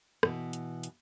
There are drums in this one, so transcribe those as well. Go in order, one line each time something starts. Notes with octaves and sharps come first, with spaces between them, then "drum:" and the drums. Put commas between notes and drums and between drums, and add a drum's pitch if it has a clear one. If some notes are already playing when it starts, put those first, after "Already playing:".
B2 E3, drum: rim click
drum: hi-hat
drum: hi-hat